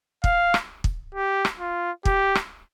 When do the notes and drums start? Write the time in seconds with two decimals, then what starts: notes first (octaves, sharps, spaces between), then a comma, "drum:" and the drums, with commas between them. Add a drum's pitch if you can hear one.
0.24 F5, drum: kick
0.54 drum: rim click
0.84 drum: kick
1.15 G4
1.45 drum: rim click
1.60 F4
2.05 G4, drum: kick
2.35 drum: rim click